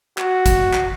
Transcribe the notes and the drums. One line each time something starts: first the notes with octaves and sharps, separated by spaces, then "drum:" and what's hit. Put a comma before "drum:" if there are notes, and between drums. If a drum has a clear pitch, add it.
F#4, drum: clap
drum: kick, hi-hat
drum: clap